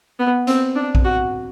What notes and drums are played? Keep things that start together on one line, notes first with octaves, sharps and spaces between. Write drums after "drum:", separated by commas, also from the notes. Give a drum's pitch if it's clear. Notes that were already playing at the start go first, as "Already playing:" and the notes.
B3
C4, drum: hi-hat
D4
drum: kick A#1
F#4